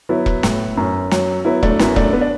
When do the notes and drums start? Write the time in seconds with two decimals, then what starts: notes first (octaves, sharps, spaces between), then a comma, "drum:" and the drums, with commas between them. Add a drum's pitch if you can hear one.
0.09 F#3 B3 E4
0.26 drum: kick E1
0.43 A2, drum: snare
0.77 F#2
1.11 F#3, drum: snare
1.45 F#3 B3 E4
1.63 A3 D4, drum: kick E1
1.79 F#2 B3 E4, drum: snare
1.96 A3 D4, drum: kick E1
2.13 B3
2.21 D4